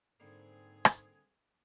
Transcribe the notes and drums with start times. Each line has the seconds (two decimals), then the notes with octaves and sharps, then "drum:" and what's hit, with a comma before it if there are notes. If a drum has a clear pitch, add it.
0.20 G#2 D3 G3 A#3 C4 G#4
0.85 drum: rim click